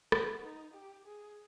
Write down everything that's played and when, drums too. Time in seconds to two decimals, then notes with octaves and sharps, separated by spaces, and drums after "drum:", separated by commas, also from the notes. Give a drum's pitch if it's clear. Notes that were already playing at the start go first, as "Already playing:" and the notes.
0.12 B3, drum: rim click
0.43 D#4
0.74 G4
1.06 G#4